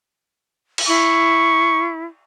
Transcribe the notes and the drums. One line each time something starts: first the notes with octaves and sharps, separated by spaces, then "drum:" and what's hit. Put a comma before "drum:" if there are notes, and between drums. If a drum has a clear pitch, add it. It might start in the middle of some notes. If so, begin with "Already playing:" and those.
drum: cymbal
E4 C#6